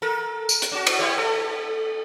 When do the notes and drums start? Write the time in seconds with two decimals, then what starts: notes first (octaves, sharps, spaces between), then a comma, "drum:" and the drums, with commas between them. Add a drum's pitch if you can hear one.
0.02 A4 A#4
0.49 drum: tambourine
0.62 drum: hi-hat
0.72 C#4 F#4
0.87 drum: cymbal
0.99 E4 G4 C#5
1.18 A4